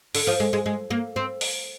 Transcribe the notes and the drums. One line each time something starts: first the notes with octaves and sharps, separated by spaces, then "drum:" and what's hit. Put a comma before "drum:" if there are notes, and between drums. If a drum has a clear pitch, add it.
D3, drum: open hi-hat
F3
G#3
G#3
G#3
A#3
C4
drum: open hi-hat